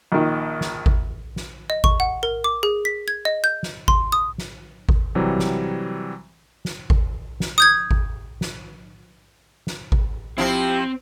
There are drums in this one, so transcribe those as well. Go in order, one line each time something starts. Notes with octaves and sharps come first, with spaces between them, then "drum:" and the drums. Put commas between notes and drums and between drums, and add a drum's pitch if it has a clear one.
A#1 D#3
drum: snare
drum: kick G#1
drum: snare
D#5
C#6, drum: kick G#1
F#5
A#4
D6
G#4
B6
G#6
D#5
G6
drum: snare
C6, drum: kick G#1
D#6
drum: snare
drum: kick G#1
C3 E3 F#3 G3
drum: snare
drum: snare
drum: kick G#1
drum: snare
D#6 G6 G#6
drum: kick G#1
drum: snare
drum: snare
drum: kick G#1
F3 C4 E4 G4